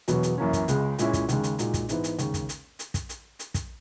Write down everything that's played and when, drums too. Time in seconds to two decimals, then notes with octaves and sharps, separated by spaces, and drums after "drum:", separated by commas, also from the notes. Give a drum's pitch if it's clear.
0.08 E1 E2 B2 F#3 B3, drum: hi-hat
0.23 drum: hi-hat
0.38 F#2 E3 A#3 C#4
0.53 drum: kick, hi-hat
0.68 C#2 C#3 G#3, drum: hi-hat
0.98 A#2 G#3 C#4 E4, drum: hi-hat
1.13 drum: kick, hi-hat
1.29 D#2 C#3 G#3, drum: hi-hat
1.44 drum: hi-hat
1.59 A#2 G#3 D#4 F#4, drum: hi-hat
1.74 drum: kick, hi-hat
1.89 G#2 E3 B3 E4, drum: hi-hat
2.04 drum: hi-hat
2.19 D#2 C#3 G#3, drum: hi-hat
2.34 drum: kick, hi-hat
2.49 drum: hi-hat
2.79 drum: hi-hat
2.94 drum: kick, hi-hat
3.09 drum: hi-hat
3.39 drum: hi-hat
3.54 drum: kick, hi-hat